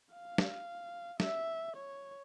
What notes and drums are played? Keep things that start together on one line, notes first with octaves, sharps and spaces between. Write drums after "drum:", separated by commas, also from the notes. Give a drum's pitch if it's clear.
F5
drum: snare
E5, drum: snare
C#5